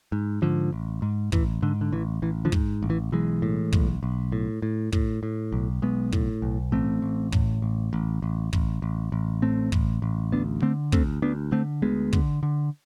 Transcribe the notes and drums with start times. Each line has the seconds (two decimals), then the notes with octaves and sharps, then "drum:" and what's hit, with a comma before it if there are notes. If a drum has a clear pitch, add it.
0.12 G#2
0.42 G#2 D3 F3
0.73 A1
1.02 G#2
1.32 A1 E3, drum: kick
1.62 G#2 D3
1.81 D3
1.92 A1 E3
2.22 A1 E3
2.45 D3 F3
2.52 G#2, drum: kick
2.83 A1
2.90 E3
3.12 B1 E3 G#3
3.42 A2
3.72 B1, drum: kick
4.03 B1
4.32 A2
4.62 A2
4.92 A2, drum: kick
5.23 A2
5.52 B1
5.82 B1 G#3 B3
6.12 A2, drum: kick
6.42 B1
6.72 A1 A3 C4
7.02 A1
7.32 A2, drum: kick
7.62 A1
7.93 A1
8.22 A1
8.53 A1, drum: kick
8.82 A1
9.12 A1
9.42 A2 A3 C4
9.72 A1, drum: kick
10.02 A1
10.32 D2 B3 D4
10.62 D3 A3 C4
10.92 D2 A3 C4, drum: kick
11.22 D2 B3 D4
11.52 D3 A3 C4
11.82 D2 G#3 B3
12.13 D3, drum: kick
12.43 D3